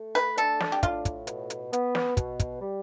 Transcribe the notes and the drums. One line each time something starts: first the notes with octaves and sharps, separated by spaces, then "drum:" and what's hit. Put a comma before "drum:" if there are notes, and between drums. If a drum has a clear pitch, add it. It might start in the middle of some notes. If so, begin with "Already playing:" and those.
Already playing: A3
B4
D4 A4, drum: hi-hat
drum: snare
G4
A2 F4, drum: kick, hi-hat
drum: kick, hi-hat
B2, drum: hi-hat
drum: hi-hat
B3, drum: hi-hat
drum: snare
B2, drum: kick, hi-hat
drum: kick, hi-hat
G3